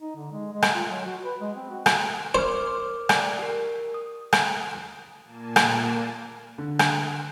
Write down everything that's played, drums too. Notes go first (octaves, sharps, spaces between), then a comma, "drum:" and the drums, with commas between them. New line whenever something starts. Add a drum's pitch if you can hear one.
D#4
D3
G#3
G#3
drum: rim click
F4
F#3
F#4
B4
G#3
C4
F#4
drum: rim click
A#4 C5 D6 F6
D5, drum: rim click
G4 A#4
D#6
drum: rim click
A#2 A#3 G#5 A5
drum: rim click
D3
drum: rim click